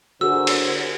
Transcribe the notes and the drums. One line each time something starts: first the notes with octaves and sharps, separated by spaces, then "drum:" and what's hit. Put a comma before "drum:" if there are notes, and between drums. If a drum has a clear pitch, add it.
D3 F#4 G#4 A#4 C5 E6
drum: cymbal